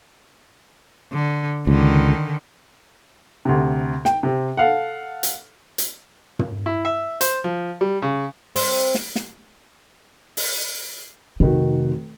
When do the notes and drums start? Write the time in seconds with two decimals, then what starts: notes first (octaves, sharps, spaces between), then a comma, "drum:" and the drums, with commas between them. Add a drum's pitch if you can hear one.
1.13 D3
1.67 C#2 D3 D#3
3.45 D2 C3
4.05 G5, drum: snare
4.23 C3 C4
4.57 A4 F5 F#5
5.23 drum: hi-hat
5.78 drum: hi-hat
6.39 drum: tom
6.66 E4
6.85 E5
7.21 C5, drum: hi-hat
7.44 F3
7.81 G3
8.02 C#3
8.56 C4, drum: open hi-hat
8.95 drum: snare
9.16 drum: snare
10.37 drum: open hi-hat
11.40 F1 C3 D#3 F#4